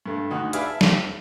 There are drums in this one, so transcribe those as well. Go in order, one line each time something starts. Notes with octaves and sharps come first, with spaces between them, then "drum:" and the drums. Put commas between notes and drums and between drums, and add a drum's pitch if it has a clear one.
G2 A3
D2 D#4 F#4 D#5
G#4 B4 D5 E5 F5, drum: hi-hat
E5 A5
drum: snare